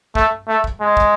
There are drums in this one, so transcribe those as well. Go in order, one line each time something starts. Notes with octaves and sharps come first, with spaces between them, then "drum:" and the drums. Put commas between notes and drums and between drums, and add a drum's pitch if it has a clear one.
A3, drum: kick
A3
drum: kick
G#3
drum: kick